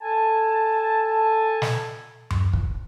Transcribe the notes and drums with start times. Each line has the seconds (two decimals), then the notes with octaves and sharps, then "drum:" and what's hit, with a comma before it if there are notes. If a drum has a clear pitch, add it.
0.01 A4 G#5 A5
1.62 drum: snare
2.30 drum: tom F#2
2.53 drum: kick